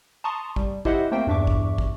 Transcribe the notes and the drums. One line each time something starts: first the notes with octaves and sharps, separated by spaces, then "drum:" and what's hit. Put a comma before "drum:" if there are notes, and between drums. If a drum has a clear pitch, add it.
A5 A#5 C6 C#6 D#6
G3, drum: kick
E4 G4 C5 D#5 E5 F#5, drum: kick
A3 A#3 C4 C5 E5 G5
E2 G2 D4 E5 C#6 D6
drum: kick
drum: kick